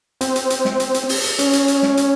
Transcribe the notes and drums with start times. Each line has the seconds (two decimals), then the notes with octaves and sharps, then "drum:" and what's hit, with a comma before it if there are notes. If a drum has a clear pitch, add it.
0.21 C4, drum: hi-hat
0.36 drum: hi-hat
0.50 drum: hi-hat
0.65 drum: snare
0.80 drum: hi-hat
0.94 drum: hi-hat
1.09 drum: open hi-hat
1.24 drum: hi-hat
1.39 C#4, drum: hi-hat
1.53 drum: hi-hat
1.68 drum: hi-hat
1.83 drum: snare
1.97 drum: hi-hat